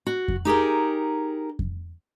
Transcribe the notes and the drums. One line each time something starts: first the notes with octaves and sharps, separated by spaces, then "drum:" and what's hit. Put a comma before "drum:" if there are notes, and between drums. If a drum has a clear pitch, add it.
F#4
drum: kick F2
D#4 G4 G#4 A#4
drum: kick F2